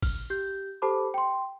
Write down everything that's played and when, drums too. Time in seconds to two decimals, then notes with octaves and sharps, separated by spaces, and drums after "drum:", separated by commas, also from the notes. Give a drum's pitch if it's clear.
0.03 F6, drum: kick G#1, open hi-hat
0.30 G4 G6
0.82 G4 A4 C5 A5 B5 D6
1.14 G5 C6